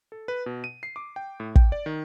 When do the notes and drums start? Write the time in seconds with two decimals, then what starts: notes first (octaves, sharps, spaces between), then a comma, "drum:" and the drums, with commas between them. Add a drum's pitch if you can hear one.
0.12 A4
0.28 B4
0.46 B2
0.64 D#7
0.83 C7
0.96 D6
1.16 G5
1.40 A2
1.55 G5, drum: kick
1.72 D5
1.86 D#3